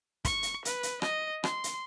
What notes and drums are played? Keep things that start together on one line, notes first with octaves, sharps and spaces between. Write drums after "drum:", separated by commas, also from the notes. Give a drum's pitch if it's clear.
C#6, drum: kick, hi-hat
drum: hi-hat
B4, drum: hi-hat
drum: hi-hat
D#5, drum: rim click
C6, drum: rim click
drum: hi-hat